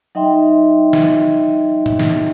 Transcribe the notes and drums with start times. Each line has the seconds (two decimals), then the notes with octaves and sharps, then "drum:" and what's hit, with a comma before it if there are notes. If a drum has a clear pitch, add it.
0.15 F#3 D#4 D#5 E5 G5 C6
0.93 drum: snare
1.86 drum: tom A2
1.99 drum: snare